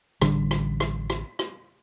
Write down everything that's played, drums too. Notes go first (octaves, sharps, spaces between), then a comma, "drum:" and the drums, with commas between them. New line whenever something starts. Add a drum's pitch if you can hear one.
A1 D3 G3 D4, drum: rim click
drum: rim click
drum: rim click
drum: rim click
drum: rim click